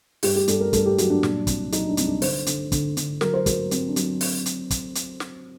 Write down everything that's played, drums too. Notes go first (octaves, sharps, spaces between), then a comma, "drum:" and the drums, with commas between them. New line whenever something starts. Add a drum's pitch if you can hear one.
G2 G4, drum: open hi-hat
G4
G2 A4, drum: hi-hat
A#4
G2 A4, drum: kick, hi-hat
G4
F#3 F#4, drum: hi-hat
D4
A#2, drum: snare
C2, drum: kick, hi-hat
F#3 D#4, drum: hi-hat
D4
C2, drum: hi-hat
D4
D3 C5, drum: open hi-hat
D3, drum: hi-hat
D3, drum: kick, hi-hat
D3, drum: hi-hat
F#3 A#4, drum: snare
C5
F#3 A#4, drum: kick, hi-hat
F#3 C4, drum: hi-hat
D4
F#3, drum: hi-hat
drum: open hi-hat
drum: hi-hat
drum: kick, hi-hat
drum: hi-hat
drum: snare